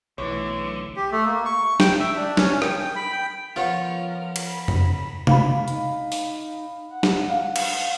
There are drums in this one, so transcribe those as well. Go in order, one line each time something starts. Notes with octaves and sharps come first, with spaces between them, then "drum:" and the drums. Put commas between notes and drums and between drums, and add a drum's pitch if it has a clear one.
B1 D3 E3 A3 C#5
G4
A3
A#3
C#6
G5, drum: snare
E5
D4
C#4, drum: snare
G5, drum: rim click
G5
B5
G5
F3 B3 F4 A#4 C#5 F6
drum: cymbal
B5
drum: tom F2
F5 B5, drum: tom C3
D#4, drum: hi-hat
drum: open hi-hat
F#5
drum: snare
F5
drum: cymbal